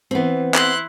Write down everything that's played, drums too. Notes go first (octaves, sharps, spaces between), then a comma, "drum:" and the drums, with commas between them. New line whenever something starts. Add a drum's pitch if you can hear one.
E3 B3 C4
E4 C6 F#6, drum: clap